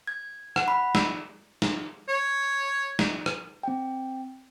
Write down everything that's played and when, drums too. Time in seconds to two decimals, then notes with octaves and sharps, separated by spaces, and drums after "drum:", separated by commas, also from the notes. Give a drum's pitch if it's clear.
0.07 G#6
0.56 F#5, drum: rim click
0.68 B5
0.95 E6, drum: snare
1.62 drum: snare
2.09 C#5
2.99 drum: snare
3.26 drum: rim click
3.63 C4 G5